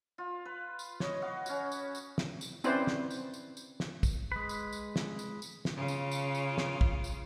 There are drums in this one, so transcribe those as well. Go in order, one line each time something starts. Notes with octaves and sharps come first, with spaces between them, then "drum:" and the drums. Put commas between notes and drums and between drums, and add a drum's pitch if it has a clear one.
F4
B4
drum: tambourine
C#5 D#5, drum: snare
F#4 F5
C#4 F#4, drum: tambourine
drum: tambourine
drum: tambourine
drum: snare
drum: tambourine
C4 C#4 E4 B4 C5 D5, drum: tambourine
drum: snare
drum: tambourine
drum: tambourine
drum: tambourine
drum: snare
drum: kick, tambourine
G#3 B4
drum: tambourine
drum: tambourine
drum: snare
drum: tambourine
drum: tambourine
drum: snare
C#3 F4
drum: tambourine
drum: tambourine
drum: tambourine
drum: snare
drum: kick
drum: tambourine